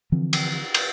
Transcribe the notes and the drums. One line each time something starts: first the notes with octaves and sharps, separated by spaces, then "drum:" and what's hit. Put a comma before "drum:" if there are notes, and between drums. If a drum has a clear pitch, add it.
D3 E3 F3 C4
drum: cymbal
drum: cymbal